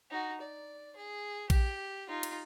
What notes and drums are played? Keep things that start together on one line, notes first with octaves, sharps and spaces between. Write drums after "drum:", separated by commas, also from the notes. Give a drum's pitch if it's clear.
D#4 F#4
D5
G#4
G4, drum: kick A#1, cymbal
D#4 F4
drum: cymbal